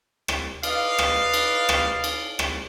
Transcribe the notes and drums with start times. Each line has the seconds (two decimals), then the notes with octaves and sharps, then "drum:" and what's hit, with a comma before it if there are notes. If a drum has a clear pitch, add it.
0.28 drum: rim click
0.63 B4 D5 D#5 F5, drum: cymbal
0.98 drum: rim click
1.34 drum: cymbal
1.69 drum: rim click
2.04 drum: cymbal
2.39 drum: rim click